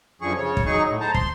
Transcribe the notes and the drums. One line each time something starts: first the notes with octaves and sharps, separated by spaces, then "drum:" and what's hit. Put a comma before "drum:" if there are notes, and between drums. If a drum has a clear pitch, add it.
F#2 D3 F3 G#4 C#6
C#3 C#5
drum: kick
F#3 D#4 G#4 C#6
A2
C5 A5 A#5
C6, drum: kick